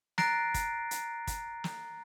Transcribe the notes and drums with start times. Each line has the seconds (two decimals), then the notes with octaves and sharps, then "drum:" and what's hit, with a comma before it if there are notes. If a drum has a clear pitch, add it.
0.18 A#5 F#6 A6 A#6 C7 D7, drum: snare
0.54 drum: kick, hi-hat
0.91 drum: hi-hat
1.27 drum: kick, hi-hat
1.64 drum: snare